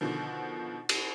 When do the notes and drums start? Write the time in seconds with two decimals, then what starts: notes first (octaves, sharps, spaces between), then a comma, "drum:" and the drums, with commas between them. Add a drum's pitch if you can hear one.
0.01 B2 D3 D#3 F3
0.89 drum: cymbal